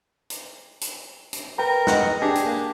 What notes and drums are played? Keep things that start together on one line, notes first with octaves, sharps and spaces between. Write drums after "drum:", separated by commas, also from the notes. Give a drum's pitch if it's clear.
drum: hi-hat
drum: hi-hat
drum: hi-hat
A#4 B4 G5 A#5
D#5 F#5, drum: snare
D4 G4 G#4 A5
drum: hi-hat
A#3